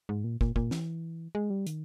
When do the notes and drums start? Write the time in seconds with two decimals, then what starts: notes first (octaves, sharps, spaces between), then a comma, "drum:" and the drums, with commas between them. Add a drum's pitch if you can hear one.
0.09 G#2
0.24 A#2
0.41 A#2, drum: kick
0.56 A#2, drum: kick
0.71 E3, drum: snare
1.35 G#3
1.50 G3
1.67 D#3, drum: hi-hat